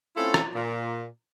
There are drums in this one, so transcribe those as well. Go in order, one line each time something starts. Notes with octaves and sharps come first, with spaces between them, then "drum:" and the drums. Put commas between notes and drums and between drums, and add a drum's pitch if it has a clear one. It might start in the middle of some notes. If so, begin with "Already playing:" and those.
A3 C4 C#4 E4 F4 A4
drum: rim click
A#2